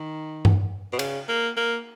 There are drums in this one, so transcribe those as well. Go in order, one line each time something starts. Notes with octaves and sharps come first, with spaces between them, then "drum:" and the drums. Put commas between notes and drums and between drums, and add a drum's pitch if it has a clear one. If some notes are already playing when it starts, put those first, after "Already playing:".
Already playing: D#3
drum: tom G2
B2
C#3, drum: cymbal
A#3
A#3